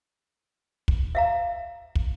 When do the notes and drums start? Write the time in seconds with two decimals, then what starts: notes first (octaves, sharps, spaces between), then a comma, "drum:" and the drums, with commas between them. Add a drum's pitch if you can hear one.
0.88 drum: kick
1.15 E5 F5 A#5
1.95 drum: kick